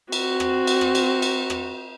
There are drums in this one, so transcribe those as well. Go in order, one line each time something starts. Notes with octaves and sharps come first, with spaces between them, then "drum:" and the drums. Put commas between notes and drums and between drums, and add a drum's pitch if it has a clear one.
C4 F#4, drum: cymbal
drum: rim click
drum: cymbal
drum: rim click
drum: cymbal
drum: cymbal
drum: rim click